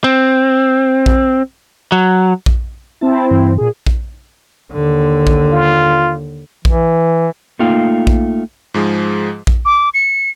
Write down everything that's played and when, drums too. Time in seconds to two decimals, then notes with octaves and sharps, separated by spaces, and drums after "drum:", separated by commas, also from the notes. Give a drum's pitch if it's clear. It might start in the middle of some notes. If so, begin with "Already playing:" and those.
0.04 C4
1.06 drum: kick A#1
1.92 F#3
2.46 drum: kick A#1
3.01 C4 E4 A5
3.31 G2 E3
3.58 A#2 G#4
3.87 drum: kick A#1
4.72 D#2 D3
5.27 drum: kick A#1
5.52 F4
6.65 E3, drum: kick A#1
7.59 A3 A#3 D#4 F4 F5 G5
8.07 drum: kick A#1
8.74 G#2 F3 G#3 G#4
9.47 drum: kick A#1
9.65 D6
9.94 C#7